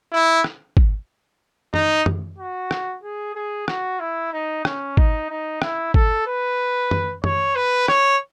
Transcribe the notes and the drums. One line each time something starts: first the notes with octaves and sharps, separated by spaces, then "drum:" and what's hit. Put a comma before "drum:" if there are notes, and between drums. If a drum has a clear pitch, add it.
E4
drum: rim click
drum: kick
D#4, drum: tom F#2
drum: tom F#2
F#4
drum: rim click
G#4
G#4
F#4, drum: rim click
E4
D#4
C#4, drum: rim click
D#4, drum: kick
D#4
E4, drum: rim click
A4, drum: kick
B4
drum: tom F#2
C#5, drum: tom F#2
B4
C#5, drum: rim click